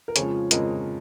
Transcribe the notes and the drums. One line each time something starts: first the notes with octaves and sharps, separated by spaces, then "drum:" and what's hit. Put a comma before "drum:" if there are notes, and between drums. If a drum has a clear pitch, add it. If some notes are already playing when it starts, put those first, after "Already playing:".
A#4
F2 C#3 F3 G#3 G#4 C#5, drum: hi-hat
F2 C#3 F3 G#3 A#4 D#5, drum: hi-hat